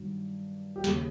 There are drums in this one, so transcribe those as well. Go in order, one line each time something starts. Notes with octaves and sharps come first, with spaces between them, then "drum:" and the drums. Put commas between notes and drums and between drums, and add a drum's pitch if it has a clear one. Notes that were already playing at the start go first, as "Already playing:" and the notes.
Already playing: G2 D#3 F#3
G4
D#2 C#3 F#3 A#3 G#4, drum: snare